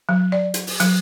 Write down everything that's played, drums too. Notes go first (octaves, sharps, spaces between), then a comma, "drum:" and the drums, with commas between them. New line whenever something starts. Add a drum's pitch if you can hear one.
F#3
D5
drum: hi-hat
drum: open hi-hat
F#3, drum: hi-hat